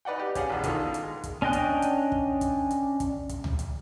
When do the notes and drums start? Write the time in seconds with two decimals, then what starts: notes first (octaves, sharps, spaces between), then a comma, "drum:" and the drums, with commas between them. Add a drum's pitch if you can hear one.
0.05 D#4 B4 D5 F#5 G5
0.20 G4
0.35 C#4 G4 G#4 D5 F5 F#5, drum: kick, hi-hat
0.50 A1 B2
0.64 B2 D#3 D4 F4 A4, drum: kick, hi-hat
0.94 drum: hi-hat
1.03 G#3
1.24 drum: kick, hi-hat
1.42 C#4 D4 D#5 G5 F#6
1.53 drum: kick, hi-hat
1.82 drum: hi-hat
2.12 drum: kick
2.41 drum: kick, hi-hat
2.71 drum: hi-hat
3.00 drum: kick, hi-hat
3.29 drum: kick, hi-hat
3.44 drum: tom C#2
3.59 drum: hi-hat